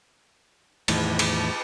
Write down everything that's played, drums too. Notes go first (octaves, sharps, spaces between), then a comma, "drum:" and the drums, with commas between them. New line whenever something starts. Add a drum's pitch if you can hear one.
E2 A2 D#3, drum: cymbal
drum: cymbal